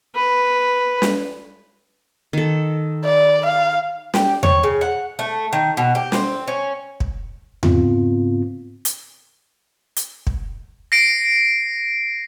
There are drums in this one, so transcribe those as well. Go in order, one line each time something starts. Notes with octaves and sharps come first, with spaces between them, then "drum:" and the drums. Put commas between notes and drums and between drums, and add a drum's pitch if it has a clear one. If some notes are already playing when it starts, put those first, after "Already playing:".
B4
drum: snare
D#3 A4
D5
F5
G4, drum: snare
C#5, drum: tom E2
C#3
F#5
A3
D#3
B2
G4
C4, drum: snare
C#4
drum: kick
G#2 C#3 B3 C4 F4, drum: tom E2
drum: hi-hat
drum: hi-hat
drum: kick
A#6 C7 D7